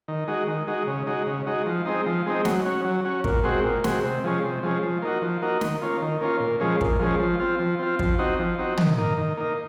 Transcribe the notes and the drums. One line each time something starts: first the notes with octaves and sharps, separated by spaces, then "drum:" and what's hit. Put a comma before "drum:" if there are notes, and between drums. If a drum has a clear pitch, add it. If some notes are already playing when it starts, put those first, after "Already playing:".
D#3
G#3 D#4 F#4
D#3
G#3 D#4 F#4
C#3
G#3 D#4 F#4
C#3
G#3 D#4 F#4
F3
G#3 C4 D#4
F3
G#3 C4 D#4
F#3, drum: snare
C#4 F#4
F#3
C#4 F#4
A#2, drum: kick
G#3 C4 F#4
A#2
G#3 C4 F#4, drum: snare
C3
F3 G#3 C#4
C3
F3 G#3 C#4
F3
A#3 D#4 F#4
F3
A#3 D#4 F#4
D#3, drum: snare
A#3 C#4 F4
D#3
A#3 C#4 F4
A#2
F3 G#3 C#4
A#2, drum: kick
F3 G#3 C#4
F3
C4 F4
F3
C4 F4
F3, drum: kick
C4 D#4 F#4
F3
C4 D#4 F#4
D#3, drum: tom
A#3 D#4
D#3
A#3 D#4